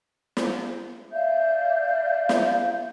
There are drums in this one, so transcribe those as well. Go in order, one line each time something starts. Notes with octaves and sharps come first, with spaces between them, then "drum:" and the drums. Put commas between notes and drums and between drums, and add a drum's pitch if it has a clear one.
drum: snare
D5 E5 F5 G6
drum: snare